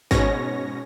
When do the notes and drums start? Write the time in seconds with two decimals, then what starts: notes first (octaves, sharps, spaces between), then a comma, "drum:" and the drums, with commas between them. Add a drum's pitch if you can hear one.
0.11 G#2 B2 C#4 C#5 A#6, drum: kick